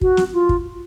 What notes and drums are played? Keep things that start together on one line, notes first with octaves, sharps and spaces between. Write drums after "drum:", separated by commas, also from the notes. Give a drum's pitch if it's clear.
F#4, drum: kick
drum: snare
F4
drum: kick